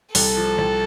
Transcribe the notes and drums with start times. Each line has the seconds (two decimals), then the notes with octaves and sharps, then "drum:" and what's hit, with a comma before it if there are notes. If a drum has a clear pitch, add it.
0.15 C2 A4, drum: open hi-hat
0.36 F3
0.58 C2